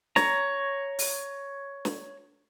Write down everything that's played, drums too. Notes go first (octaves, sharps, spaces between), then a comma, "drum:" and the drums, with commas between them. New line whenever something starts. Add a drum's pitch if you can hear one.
C#5 A#5, drum: snare
drum: open hi-hat
drum: snare